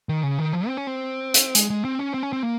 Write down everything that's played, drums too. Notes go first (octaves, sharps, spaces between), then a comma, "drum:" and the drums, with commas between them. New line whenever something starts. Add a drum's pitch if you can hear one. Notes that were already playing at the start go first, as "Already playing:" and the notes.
D#3
C#3
D#3
F3
C4
C#4
C4
drum: hi-hat
G#3, drum: hi-hat
G#3
C4
C#4
C4
C#4
C4
A#3